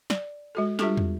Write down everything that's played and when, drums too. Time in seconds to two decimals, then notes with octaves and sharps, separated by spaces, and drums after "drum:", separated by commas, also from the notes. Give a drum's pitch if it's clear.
0.10 D5, drum: snare
0.55 G#3 F#4 A4
0.79 G3 D4 F4 G4 A4, drum: snare
0.97 drum: tom